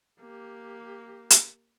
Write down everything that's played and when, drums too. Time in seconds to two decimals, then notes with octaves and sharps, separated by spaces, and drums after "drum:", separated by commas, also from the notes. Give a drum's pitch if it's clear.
0.20 A#3 G4
1.30 drum: hi-hat